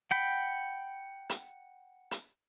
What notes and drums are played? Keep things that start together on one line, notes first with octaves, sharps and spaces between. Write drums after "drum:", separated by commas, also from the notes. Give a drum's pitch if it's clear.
F#5 G5 B5
drum: hi-hat
drum: hi-hat